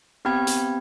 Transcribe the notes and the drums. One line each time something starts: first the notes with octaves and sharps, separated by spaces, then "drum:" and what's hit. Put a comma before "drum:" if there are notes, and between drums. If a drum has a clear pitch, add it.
B3 C4 G4 G5 B5 G#6
drum: hi-hat